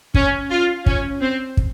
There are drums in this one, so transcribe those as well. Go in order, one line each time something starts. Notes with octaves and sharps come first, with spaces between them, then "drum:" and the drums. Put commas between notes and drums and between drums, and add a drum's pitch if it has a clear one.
C#4, drum: kick
F4
C#4, drum: kick
C4
drum: kick